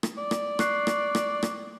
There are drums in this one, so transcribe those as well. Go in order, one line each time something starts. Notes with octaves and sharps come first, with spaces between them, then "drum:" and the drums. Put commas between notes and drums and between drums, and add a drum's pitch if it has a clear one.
drum: rim click
D5
drum: rim click
C#6 F#6 C7, drum: rim click
drum: rim click
drum: rim click
drum: rim click